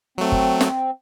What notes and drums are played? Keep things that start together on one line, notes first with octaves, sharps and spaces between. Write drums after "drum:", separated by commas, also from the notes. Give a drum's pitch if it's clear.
F#3 A3 C4
drum: kick
drum: snare